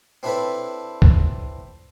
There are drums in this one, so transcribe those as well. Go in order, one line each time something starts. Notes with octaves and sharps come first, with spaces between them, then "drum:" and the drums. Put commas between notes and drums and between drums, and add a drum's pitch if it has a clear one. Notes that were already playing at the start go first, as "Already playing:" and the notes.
C4 D4 E4 A4 B4 C#5
drum: kick